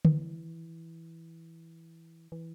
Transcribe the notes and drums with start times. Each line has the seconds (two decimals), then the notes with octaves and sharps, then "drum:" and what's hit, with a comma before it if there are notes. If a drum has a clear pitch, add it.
0.05 E3, drum: tom D3
2.32 E3